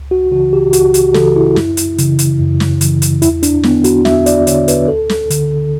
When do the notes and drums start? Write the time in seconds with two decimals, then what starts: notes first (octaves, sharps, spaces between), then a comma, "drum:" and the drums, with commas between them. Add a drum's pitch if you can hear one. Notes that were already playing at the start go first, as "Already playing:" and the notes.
Already playing: C#2
0.11 F#4
0.31 C#3 E3 F#4
0.53 G4
0.73 C#2 F#4, drum: hi-hat
0.94 drum: hi-hat
1.14 C#3 E3 A4, drum: snare
1.36 E4
1.56 F#2, drum: snare
1.77 drum: hi-hat
1.98 C#3 E3, drum: hi-hat
2.19 drum: hi-hat
2.40 F#2
2.60 drum: snare
2.81 C#3 E3, drum: hi-hat
3.02 drum: hi-hat
3.22 E2 E4, drum: hi-hat
3.43 D4, drum: hi-hat
3.63 D3 B3, drum: snare
3.84 F#4, drum: hi-hat
4.05 E2 E5, drum: snare
4.26 D5, drum: hi-hat
4.47 D3 C#5, drum: hi-hat
4.68 B4, drum: hi-hat
4.88 D2 A4
5.09 drum: snare
5.30 D3, drum: hi-hat